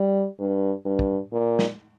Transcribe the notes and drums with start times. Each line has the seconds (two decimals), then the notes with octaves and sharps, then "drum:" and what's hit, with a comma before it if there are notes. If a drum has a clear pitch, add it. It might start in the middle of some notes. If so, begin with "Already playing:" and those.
Already playing: G3
0.39 G2
0.85 G2
0.99 drum: kick
1.32 A#2
1.59 drum: snare